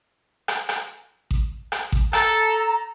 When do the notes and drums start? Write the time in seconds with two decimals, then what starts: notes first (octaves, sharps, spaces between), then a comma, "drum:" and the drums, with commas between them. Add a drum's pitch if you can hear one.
0.48 drum: rim click
0.69 drum: rim click
1.31 drum: kick A1
1.72 drum: rim click
1.92 drum: kick A1
2.13 A4 A#5, drum: rim click